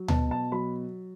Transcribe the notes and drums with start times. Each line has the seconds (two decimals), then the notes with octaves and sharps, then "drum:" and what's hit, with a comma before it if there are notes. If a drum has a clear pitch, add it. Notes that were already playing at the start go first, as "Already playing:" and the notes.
Already playing: F#3
0.08 B2 A5, drum: tom D2
0.31 A5
0.52 F#3 B5